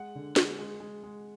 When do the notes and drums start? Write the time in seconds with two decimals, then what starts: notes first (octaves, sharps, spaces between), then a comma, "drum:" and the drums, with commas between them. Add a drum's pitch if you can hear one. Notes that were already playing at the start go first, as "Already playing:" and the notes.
Already playing: G#3 F#5
0.15 D3
0.36 G#3, drum: snare
0.59 G#3
0.80 G#3
1.03 G#3